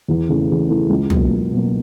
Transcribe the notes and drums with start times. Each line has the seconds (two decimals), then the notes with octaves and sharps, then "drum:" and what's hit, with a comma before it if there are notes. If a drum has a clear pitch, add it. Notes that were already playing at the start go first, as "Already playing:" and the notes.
0.08 E2
0.29 C#3 E3 A3
0.49 E2
0.69 C#3 E3 A3
0.89 C#2
1.10 B2 F#3 A#3, drum: tom
1.30 C#2
1.51 B2 F#3 A#3